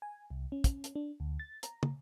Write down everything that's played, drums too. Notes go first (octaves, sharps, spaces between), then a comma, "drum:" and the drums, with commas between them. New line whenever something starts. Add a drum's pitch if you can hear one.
G#5
C2
C#4
drum: kick, hi-hat
drum: hi-hat
D4
D2
A6
A#5, drum: hi-hat
drum: tom